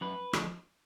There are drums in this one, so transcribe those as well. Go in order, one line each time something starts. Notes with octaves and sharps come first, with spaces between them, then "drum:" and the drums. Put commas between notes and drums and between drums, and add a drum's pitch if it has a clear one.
F#2 B4
D3 F3 G#3, drum: rim click